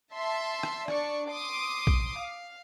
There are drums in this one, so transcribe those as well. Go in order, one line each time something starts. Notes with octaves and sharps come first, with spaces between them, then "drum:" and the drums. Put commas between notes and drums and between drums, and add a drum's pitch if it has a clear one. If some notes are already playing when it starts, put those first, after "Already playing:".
E5 A5 C6
drum: rim click
D4 D5 C#6, drum: rim click
C6 D6 D#6
drum: kick A#1
F5